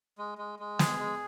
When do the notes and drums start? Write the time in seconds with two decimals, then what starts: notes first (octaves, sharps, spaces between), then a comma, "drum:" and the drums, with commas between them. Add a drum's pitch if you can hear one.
0.18 G#3
0.38 G#3
0.59 G#3
0.79 G#4, drum: snare
0.99 G#3